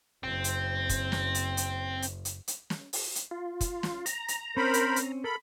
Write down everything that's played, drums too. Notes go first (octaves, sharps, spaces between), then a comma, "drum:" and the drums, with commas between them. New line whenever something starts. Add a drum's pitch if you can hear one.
F#1 C4
drum: hi-hat
drum: kick, hi-hat
drum: snare
drum: hi-hat
drum: hi-hat
drum: hi-hat
drum: hi-hat
drum: hi-hat
drum: snare
drum: open hi-hat
drum: hi-hat
F4
drum: kick, hi-hat
drum: snare
A#5, drum: hi-hat
drum: hi-hat
C4 C#4 A#4 C5 B5
drum: hi-hat
drum: hi-hat
A4 A#4 B5